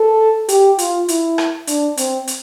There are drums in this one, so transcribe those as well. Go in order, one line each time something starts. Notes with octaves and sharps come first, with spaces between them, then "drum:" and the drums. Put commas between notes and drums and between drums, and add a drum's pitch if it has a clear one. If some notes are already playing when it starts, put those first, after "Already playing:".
Already playing: A4
G4, drum: hi-hat
F4, drum: hi-hat
E4, drum: hi-hat
drum: rim click
D4, drum: hi-hat
C4, drum: hi-hat
drum: hi-hat